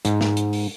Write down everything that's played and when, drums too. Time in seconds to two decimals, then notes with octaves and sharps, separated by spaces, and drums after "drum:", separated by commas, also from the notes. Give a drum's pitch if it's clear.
0.05 G#2, drum: hi-hat
0.21 drum: snare
0.37 drum: hi-hat
0.53 drum: open hi-hat